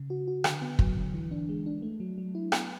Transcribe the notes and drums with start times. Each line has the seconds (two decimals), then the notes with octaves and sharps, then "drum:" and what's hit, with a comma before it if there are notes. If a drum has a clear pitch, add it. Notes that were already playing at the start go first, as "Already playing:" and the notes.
Already playing: C#3
0.10 F#4
0.28 F#4
0.44 D3, drum: rim click
0.62 B3
0.79 F#3, drum: kick
0.97 D3
1.14 E3
1.31 D4
1.49 G#3
1.66 D4
1.82 A3
2.00 F#3
2.18 F#3
2.35 E4
2.52 B3, drum: rim click